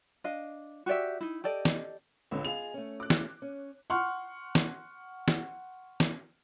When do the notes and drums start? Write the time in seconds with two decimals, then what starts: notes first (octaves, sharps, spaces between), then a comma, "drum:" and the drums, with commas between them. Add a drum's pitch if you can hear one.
0.24 D4 D#5 F5
0.86 F#4 G4 D5 E5
1.21 D#4 E4
1.44 G4 A4 D5 D#5
1.65 drum: snare
2.31 C#2 D3 B3 C#4
2.45 F4 G#4 D#5 F7
2.74 A3 C#4
3.00 D6 F#6
3.10 drum: snare
3.42 C#4
3.90 F#5 C6 C#6 F6
4.55 drum: snare
5.28 drum: snare
6.00 drum: snare